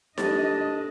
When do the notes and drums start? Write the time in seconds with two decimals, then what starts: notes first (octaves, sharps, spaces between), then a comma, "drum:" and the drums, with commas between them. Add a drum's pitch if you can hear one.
0.18 D4 G4 A4 D#5 A6, drum: snare D#4